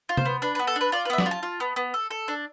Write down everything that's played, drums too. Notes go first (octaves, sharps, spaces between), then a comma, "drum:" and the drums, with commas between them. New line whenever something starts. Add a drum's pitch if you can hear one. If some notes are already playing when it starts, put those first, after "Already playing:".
F4
C5, drum: tom C3
B3
D4 B4
B4
B3
A4
D4 B4
F4 D5
B4
B3 E5
D5, drum: snare
F4
A5
F4
B3
B3
A4
A4
D4